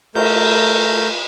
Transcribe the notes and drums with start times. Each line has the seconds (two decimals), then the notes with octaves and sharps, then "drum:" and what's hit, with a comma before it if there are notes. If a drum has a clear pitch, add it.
0.15 A3 A#4 G6, drum: cymbal